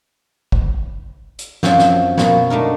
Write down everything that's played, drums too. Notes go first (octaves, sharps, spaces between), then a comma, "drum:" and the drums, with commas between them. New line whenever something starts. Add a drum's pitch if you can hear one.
drum: kick
drum: hi-hat
F#2 F3 F#3 C4, drum: snare
drum: snare
B2 A#3 B3, drum: snare
A3 D4 D#4 A#4